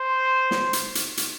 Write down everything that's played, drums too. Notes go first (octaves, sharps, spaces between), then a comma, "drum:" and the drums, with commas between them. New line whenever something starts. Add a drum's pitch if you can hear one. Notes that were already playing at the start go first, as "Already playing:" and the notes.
Already playing: C5
drum: snare
drum: hi-hat
drum: hi-hat
drum: hi-hat